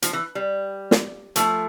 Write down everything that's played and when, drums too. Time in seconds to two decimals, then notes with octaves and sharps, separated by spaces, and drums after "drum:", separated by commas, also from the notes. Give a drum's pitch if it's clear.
0.02 F3, drum: hi-hat
0.13 E3
0.35 G3
0.91 drum: snare
1.36 F3 A3, drum: hi-hat